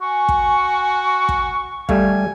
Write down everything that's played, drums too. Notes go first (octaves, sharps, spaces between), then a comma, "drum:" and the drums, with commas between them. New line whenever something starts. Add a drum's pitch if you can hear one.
F#4 G#5 C#6
drum: kick
drum: kick
G3 A3 F5 G#5, drum: kick